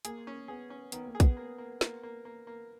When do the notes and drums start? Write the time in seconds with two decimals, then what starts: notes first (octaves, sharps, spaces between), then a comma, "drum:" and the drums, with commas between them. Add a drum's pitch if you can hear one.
0.05 A#3 G#4, drum: hi-hat
0.27 C#4
0.48 B3 G#4
0.70 C#4
0.92 D#3 B3, drum: hi-hat
1.06 A#3
1.15 G#4
1.20 B3, drum: kick, hi-hat
1.37 A#3
1.58 A#3
1.81 A#3, drum: snare
2.03 A#3
2.25 A#3
2.47 A#3